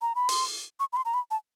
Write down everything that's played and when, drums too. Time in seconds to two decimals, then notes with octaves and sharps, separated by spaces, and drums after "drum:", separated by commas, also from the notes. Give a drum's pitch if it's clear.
0.02 A#5
0.15 B5
0.29 C6, drum: open hi-hat
0.80 C#6
0.93 B5
0.97 C6
1.05 A#5
1.14 B5
1.31 A5